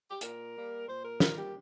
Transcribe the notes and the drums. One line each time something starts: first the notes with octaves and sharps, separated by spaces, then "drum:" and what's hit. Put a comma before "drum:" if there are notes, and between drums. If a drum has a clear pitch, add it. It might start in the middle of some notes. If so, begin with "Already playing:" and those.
G4
A#2 A#4, drum: hi-hat
G3 A#3
A#2 C5
A#4
G3 A#3 A#4, drum: snare
G4